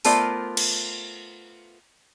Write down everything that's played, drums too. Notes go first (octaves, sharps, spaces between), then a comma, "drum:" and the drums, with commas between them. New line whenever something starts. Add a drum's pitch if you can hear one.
A3 B3 F4 A#4 C5 D5, drum: open hi-hat
drum: cymbal